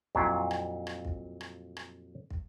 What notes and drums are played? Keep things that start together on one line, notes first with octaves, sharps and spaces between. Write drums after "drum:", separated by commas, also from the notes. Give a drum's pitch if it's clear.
F2 A#2 F#3 E4 F4, drum: kick
drum: rim click
drum: rim click
drum: kick
drum: rim click
drum: rim click
drum: kick